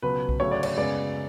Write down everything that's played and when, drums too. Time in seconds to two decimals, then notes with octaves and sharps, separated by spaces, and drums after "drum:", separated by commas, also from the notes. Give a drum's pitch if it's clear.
0.02 C#2 B2 F#3 B3 B4
0.29 drum: kick B1
0.39 D2 C#3 F#3 A3 C#5
0.51 D5
0.63 C#5, drum: cymbal
0.77 F#2 C#3 G#3 B3 D5